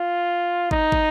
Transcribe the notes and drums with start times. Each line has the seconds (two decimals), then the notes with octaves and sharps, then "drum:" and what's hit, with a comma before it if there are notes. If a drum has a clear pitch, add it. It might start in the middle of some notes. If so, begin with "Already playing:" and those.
Already playing: F4
0.71 D#4, drum: kick
0.92 drum: kick